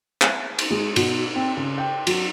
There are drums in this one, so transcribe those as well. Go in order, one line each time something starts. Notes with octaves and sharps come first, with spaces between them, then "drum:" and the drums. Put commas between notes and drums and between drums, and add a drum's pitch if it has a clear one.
drum: clap
drum: cymbal
G#3
B2, drum: cymbal
C4
C#3
G5
F#3, drum: cymbal